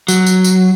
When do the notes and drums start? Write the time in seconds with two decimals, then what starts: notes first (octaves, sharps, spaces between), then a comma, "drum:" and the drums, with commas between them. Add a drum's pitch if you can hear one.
0.08 F#3, drum: tambourine
0.26 drum: tambourine
0.44 drum: tambourine